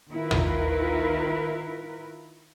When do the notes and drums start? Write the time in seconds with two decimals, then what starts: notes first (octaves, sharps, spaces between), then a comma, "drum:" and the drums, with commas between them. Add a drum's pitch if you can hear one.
0.11 D#3 E4 F4 A#4 B4
0.31 drum: tom